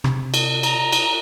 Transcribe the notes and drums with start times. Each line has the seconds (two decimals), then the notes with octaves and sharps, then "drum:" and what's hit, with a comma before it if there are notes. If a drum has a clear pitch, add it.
0.04 C3, drum: rim click
0.34 drum: cymbal
0.63 A#5, drum: cymbal
0.92 drum: cymbal